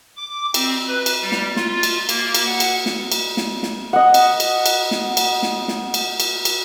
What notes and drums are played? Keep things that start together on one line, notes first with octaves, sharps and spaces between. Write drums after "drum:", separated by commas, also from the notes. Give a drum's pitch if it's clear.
D6
C4, drum: cymbal
B4
drum: cymbal
G3
drum: snare
F4, drum: snare
drum: cymbal
A#3, drum: cymbal
drum: cymbal
F#5
drum: cymbal
drum: snare
drum: cymbal
drum: snare
drum: snare
D#5 F#5
drum: cymbal
drum: cymbal
drum: cymbal
drum: snare
drum: cymbal
drum: snare
drum: snare
drum: cymbal
drum: cymbal
drum: cymbal